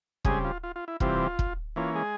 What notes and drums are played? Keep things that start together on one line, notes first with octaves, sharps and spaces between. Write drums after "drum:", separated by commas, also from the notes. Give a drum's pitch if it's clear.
C#3 G3 G#3 C4 G#4, drum: kick
F4
F4
F4
E4
C3 E3 G3 C4 F4, drum: kick
drum: kick
E3 A#3 C#4 F4
G#3 G#4